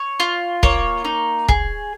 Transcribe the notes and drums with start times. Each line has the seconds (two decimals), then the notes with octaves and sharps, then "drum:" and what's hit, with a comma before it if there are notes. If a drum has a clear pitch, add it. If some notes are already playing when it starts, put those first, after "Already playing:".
Already playing: C#5
0.20 F4
0.63 A#3 C#5, drum: kick
1.05 D#4
1.48 G#4, drum: kick